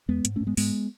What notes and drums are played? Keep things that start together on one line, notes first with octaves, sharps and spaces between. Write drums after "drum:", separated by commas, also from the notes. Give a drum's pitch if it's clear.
E2 G#3 B3
G#2, drum: hi-hat
G#2 A3 C#4
G#3 B3
G#2 G#3 B3, drum: open hi-hat